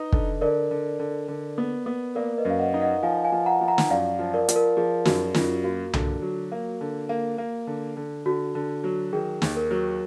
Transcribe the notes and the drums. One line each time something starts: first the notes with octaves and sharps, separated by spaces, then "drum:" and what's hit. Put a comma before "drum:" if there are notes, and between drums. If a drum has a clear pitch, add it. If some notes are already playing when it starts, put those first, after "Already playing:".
Already playing: D#4 B4 D#5
D3, drum: kick
D3 A#4 D5
D3
D3
D3
B3
B3
A#3 A#4 D5
B4 D#5
F#2
F5
D#5 F#5
D#4
D#5 F#5
F3 F5 G#5
F5 G#5
F3
F#5 A#5
F3
F#5 A#5
drum: snare
F#2 D5 F5
F3
A#4 D5
F3, drum: hi-hat
A#4
F3 G#4
F#2 F#4, drum: snare
F#2 F4, drum: snare
A#3 F#4
D3, drum: tom C2
F#3
A#3
D3
A#3
A#3
D3
D3
D3 F#4
D3
F#3
D#3 G#4
D#2, drum: snare
A#4
F#3